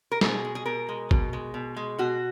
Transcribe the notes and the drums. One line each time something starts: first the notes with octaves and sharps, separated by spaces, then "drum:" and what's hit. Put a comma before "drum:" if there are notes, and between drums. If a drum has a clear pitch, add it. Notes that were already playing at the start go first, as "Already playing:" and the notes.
A#4
B2 G#4, drum: snare
G#3
G#4
B2 A#4
G#3
B2, drum: kick
G#3
B2
G#3
B2 F#4